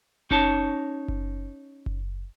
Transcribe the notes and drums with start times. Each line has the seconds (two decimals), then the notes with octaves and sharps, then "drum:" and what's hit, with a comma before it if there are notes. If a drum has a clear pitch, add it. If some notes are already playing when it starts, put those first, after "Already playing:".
0.31 C#4 D#4 C#5 A5, drum: kick F#1
1.08 drum: kick F#1
1.86 drum: kick F#1